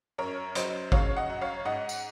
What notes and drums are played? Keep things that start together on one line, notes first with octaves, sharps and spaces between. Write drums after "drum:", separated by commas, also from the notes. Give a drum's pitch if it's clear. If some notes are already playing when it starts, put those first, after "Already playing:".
F#2 A#4 C#5
F#3 C5 D#5, drum: hi-hat
C#3 C#5 F5, drum: kick
D#5 F#5
F#2
C#5 F5
G#2 D#5 F#5
drum: tambourine